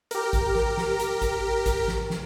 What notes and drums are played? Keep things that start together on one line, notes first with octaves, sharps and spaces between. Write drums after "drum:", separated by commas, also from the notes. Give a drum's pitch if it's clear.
G4 A#4, drum: hi-hat
drum: kick A1, hi-hat
drum: snare
drum: snare
drum: hi-hat
drum: kick A1, hi-hat
drum: kick A1, hi-hat
drum: snare
drum: snare